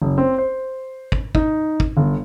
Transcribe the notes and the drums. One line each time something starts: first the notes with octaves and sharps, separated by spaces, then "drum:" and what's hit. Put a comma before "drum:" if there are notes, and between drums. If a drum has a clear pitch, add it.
F#1
C4
C5
drum: kick
D#4, drum: kick
drum: kick
G1